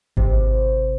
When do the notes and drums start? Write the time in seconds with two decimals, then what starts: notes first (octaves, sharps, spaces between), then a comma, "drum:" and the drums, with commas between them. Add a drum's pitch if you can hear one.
0.17 G#1 C3, drum: kick